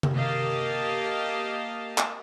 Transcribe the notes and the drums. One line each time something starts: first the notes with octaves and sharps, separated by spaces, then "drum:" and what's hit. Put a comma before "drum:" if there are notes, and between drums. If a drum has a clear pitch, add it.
drum: tom C3
A#3 G4 D#5 F5 A5
drum: clap